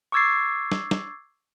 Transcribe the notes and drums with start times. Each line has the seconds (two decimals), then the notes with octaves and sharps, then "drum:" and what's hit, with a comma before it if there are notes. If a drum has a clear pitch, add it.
0.12 C#6 D6 E6 G#6 A6 C7
0.72 drum: snare
0.91 drum: snare